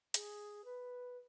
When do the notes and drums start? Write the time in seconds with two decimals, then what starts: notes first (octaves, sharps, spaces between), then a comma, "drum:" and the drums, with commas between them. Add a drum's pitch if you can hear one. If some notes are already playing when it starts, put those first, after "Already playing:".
0.14 G#4, drum: hi-hat
0.64 B4